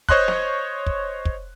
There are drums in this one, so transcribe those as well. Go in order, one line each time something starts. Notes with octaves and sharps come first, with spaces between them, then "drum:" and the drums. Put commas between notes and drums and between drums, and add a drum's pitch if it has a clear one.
C5 C#5 D#5 C6 F#6, drum: kick
drum: snare
drum: kick
drum: kick